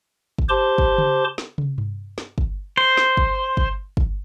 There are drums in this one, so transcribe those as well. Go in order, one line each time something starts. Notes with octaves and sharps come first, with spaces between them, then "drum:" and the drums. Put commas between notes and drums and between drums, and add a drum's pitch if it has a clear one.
drum: kick
G4 C5 A5 C6 D6
drum: kick
drum: tom C#3
drum: snare
drum: tom
drum: tom G2
drum: snare
drum: kick
C5
drum: snare
drum: kick
drum: kick
drum: kick